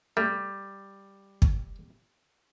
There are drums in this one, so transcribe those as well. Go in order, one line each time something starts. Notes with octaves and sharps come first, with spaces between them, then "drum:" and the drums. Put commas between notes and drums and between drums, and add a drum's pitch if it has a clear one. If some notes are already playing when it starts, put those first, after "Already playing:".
G3 A3
drum: kick